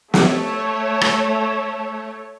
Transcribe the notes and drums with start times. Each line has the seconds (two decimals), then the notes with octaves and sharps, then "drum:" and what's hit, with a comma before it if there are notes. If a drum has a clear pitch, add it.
0.14 A3 C#5, drum: snare
1.01 drum: rim click